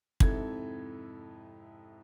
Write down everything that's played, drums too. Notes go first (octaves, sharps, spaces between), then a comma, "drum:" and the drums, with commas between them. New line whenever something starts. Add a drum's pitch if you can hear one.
F2 G#2 C3 E4 A4 G#6, drum: kick